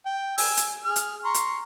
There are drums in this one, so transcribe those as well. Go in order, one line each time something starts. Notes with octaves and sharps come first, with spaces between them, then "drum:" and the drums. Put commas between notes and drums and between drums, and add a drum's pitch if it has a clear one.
G5
G#5 E6, drum: open hi-hat
drum: hi-hat
G#4 F6
drum: hi-hat
A#5 C6 C#6
drum: hi-hat